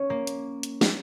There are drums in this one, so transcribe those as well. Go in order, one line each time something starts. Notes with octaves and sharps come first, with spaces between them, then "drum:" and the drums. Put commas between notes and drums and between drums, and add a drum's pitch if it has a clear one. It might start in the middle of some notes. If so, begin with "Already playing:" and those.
Already playing: C#4
A#3
drum: hi-hat
drum: hi-hat
drum: snare